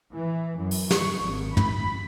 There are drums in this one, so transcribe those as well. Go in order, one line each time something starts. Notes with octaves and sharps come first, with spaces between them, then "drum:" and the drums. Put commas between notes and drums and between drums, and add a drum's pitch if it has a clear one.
E3
F#2
drum: open hi-hat
C#6, drum: snare
G#1
B5, drum: tom